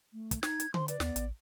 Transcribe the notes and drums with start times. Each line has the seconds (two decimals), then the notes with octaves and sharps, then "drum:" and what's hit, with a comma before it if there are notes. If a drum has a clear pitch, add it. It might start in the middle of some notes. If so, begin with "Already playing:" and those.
0.13 A3
0.31 drum: kick, hi-hat
0.43 D#4 G#6, drum: snare
0.60 drum: hi-hat
0.74 C5 C6, drum: tom D3
0.88 B4 D5, drum: hi-hat
1.00 D#2 B3, drum: snare
1.16 A1, drum: hi-hat